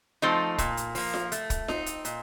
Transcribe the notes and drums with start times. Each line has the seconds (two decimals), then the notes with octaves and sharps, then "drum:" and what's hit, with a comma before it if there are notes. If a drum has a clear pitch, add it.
0.22 F3 A3 C4 D#4
0.58 A#2, drum: kick, hi-hat
0.77 drum: hi-hat
0.95 F3 A#3, drum: open hi-hat
1.14 drum: snare F4
1.32 A3, drum: hi-hat
1.50 drum: kick, hi-hat
1.68 C4 D#4, drum: snare F4
1.86 drum: hi-hat
2.05 A#2, drum: hi-hat